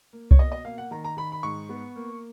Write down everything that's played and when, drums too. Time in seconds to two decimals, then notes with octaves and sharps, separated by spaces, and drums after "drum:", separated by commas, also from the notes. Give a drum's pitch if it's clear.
0.13 A#3
0.31 C#5, drum: kick C2
0.39 B2 D#5
0.52 D#5
0.65 A#3 F5
0.78 F#5
0.91 D#3 A#5
1.04 A#5
1.17 D#3 B5
1.32 B5
1.43 G#2 C#6
1.69 B3
1.96 A#3